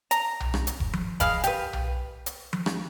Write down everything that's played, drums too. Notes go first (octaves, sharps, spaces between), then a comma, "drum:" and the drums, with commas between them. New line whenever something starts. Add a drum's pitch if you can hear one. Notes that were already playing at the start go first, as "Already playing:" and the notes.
A#5, drum: hi-hat
drum: tom B1
drum: rim click
drum: hi-hat
drum: kick E1
drum: tom F3
G#3 F5 B5, drum: kick E1, hi-hat
G4 B4, drum: hi-hat
drum: tom B1
drum: hi-hat
drum: tom F3
drum: rim click